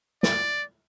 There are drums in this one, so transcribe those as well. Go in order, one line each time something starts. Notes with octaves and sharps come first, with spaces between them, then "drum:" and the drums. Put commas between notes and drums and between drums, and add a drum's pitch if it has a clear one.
D5, drum: snare